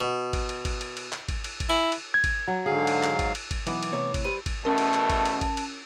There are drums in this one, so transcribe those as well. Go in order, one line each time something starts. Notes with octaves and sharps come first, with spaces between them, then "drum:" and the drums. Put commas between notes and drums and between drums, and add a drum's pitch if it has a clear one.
B2
drum: kick G#1, cymbal
drum: cymbal
drum: kick G#1, cymbal
drum: cymbal
drum: cymbal
drum: clap
drum: kick G#1, cymbal
drum: cymbal
drum: kick G#1, cymbal
E4 G#5
drum: cymbal
G#6
drum: kick G#1, cymbal
F#3
G#2 D3 F#3 G#4 F5
drum: cymbal
drum: clap
drum: kick G#1, cymbal
drum: cymbal
drum: kick G#1, cymbal
B1 E3 B3 D6, drum: cymbal
drum: cymbal
A2 C3 C#5
drum: kick G#1, cymbal
G3 B4 C5 D#7
drum: kick G#1, cymbal
E2 B2 A3 C#4 A#4 A5
drum: cymbal
drum: clap
drum: kick G#1, cymbal
drum: cymbal
drum: kick G#1, cymbal
drum: cymbal